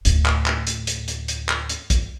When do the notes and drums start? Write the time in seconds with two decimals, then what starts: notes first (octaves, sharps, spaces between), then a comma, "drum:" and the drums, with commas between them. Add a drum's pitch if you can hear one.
0.05 D2 A2, drum: hi-hat
0.26 drum: clap
0.46 drum: clap
0.67 drum: hi-hat
0.87 drum: hi-hat
1.08 drum: hi-hat
1.28 drum: hi-hat
1.49 drum: clap
1.69 drum: hi-hat
1.90 drum: kick, hi-hat